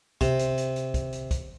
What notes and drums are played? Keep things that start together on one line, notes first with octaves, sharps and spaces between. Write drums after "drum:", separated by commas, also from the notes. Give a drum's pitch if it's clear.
C3, drum: kick, hi-hat
drum: hi-hat
drum: hi-hat
drum: hi-hat
drum: kick, hi-hat
drum: hi-hat
drum: kick, hi-hat